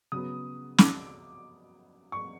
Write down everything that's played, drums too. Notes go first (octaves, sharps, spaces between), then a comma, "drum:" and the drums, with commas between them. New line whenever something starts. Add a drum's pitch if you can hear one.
C#3 F#3 B3 D#6
D6, drum: snare
C#6